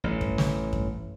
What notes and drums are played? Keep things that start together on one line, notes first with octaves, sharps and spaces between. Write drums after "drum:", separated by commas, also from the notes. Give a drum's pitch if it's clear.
A1
drum: kick F#2
drum: snare
drum: kick F#2